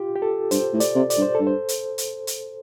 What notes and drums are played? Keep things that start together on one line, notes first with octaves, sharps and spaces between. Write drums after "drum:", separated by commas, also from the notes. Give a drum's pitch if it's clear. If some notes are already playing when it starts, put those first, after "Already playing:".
Already playing: F4 G4
G4
A4
G2 C5, drum: hi-hat
A2
D5, drum: hi-hat
C3
D5, drum: hi-hat
G2
C5
G2 A4
C5
drum: hi-hat
drum: hi-hat
drum: hi-hat